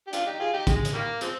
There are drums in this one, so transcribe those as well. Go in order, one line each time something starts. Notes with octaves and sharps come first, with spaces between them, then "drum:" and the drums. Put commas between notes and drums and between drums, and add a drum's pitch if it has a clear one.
G4
D4 F4, drum: hi-hat
D#4 G4
F4 G#4
D#4 G4
G#3, drum: kick, hi-hat
drum: hi-hat
D#3 G3 A#3
F3 G#3 C4, drum: hi-hat